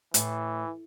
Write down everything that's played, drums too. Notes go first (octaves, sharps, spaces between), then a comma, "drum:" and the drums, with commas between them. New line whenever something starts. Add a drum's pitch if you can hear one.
A2 E3, drum: hi-hat